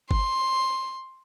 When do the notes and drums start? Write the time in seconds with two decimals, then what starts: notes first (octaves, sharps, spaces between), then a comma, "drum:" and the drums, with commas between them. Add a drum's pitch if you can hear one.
0.11 C6, drum: kick G1